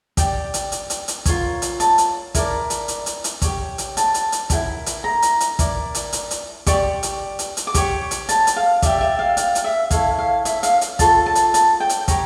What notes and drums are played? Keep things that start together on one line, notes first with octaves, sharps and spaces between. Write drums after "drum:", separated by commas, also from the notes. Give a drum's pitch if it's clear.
G4 D5 G5, drum: kick, hi-hat
drum: hi-hat
drum: hi-hat
drum: hi-hat
drum: hi-hat
F4 A#4 C#5, drum: kick, hi-hat
drum: hi-hat
A5, drum: hi-hat
drum: hi-hat
E4 A#4 D5, drum: kick, hi-hat
drum: hi-hat
drum: hi-hat
drum: hi-hat
drum: hi-hat
G4 C#5, drum: kick, hi-hat
drum: hi-hat
A5, drum: hi-hat
drum: hi-hat
drum: hi-hat
E4 G4 A#4, drum: kick, hi-hat
drum: hi-hat
A#5
drum: hi-hat
drum: hi-hat
E4 A#4 D5, drum: kick, hi-hat
drum: hi-hat
drum: hi-hat
drum: hi-hat
G4 D5 C#6, drum: kick, hi-hat
drum: hi-hat
drum: hi-hat
drum: hi-hat
D6
G4 C#5 C#6, drum: kick, hi-hat
drum: hi-hat
A5, drum: hi-hat
drum: hi-hat
F5
G4 D5 E5, drum: kick, hi-hat
E5
F5
F5, drum: hi-hat
drum: hi-hat
E5
E4 A4 C#5 F5, drum: kick, hi-hat
F5
E5, drum: hi-hat
F5, drum: hi-hat
drum: hi-hat
F4 A4 C#5 A5, drum: kick, hi-hat
A5
drum: hi-hat
A5, drum: hi-hat
G5
drum: hi-hat
G4 C#5 A#5, drum: kick, hi-hat